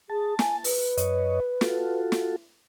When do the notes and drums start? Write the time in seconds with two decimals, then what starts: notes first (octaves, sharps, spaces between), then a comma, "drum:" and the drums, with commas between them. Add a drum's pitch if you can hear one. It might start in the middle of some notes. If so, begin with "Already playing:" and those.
0.10 G#4 A5
0.39 G#5, drum: snare
0.64 B4, drum: open hi-hat
0.97 F#2 C#5 D#5, drum: hi-hat
1.61 F4 F#4 A4, drum: snare
2.12 drum: snare